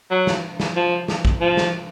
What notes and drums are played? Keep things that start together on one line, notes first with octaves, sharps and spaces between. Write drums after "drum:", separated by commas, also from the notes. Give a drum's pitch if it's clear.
F#3
drum: snare
drum: snare
F3
drum: snare
drum: kick
F3
drum: snare